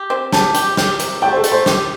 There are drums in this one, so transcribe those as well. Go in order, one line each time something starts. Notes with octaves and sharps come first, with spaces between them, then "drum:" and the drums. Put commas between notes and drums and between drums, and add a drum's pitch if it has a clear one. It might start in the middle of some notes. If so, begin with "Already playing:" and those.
Already playing: G4
C4
G4 A5, drum: snare
G4, drum: hi-hat
G4, drum: snare
C3, drum: hi-hat
A3 G5
C5
A4
A3, drum: hi-hat
C5
G4, drum: snare